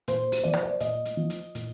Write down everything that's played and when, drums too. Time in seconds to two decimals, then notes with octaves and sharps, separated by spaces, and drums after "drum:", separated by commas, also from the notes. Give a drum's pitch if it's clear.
0.08 A#2 C5, drum: hi-hat
0.32 drum: open hi-hat
0.44 F3 D5
0.53 C5, drum: rim click
0.63 D5
0.80 A#2 D#5, drum: hi-hat
1.05 drum: hi-hat
1.17 F3
1.30 drum: hi-hat
1.55 A#2, drum: hi-hat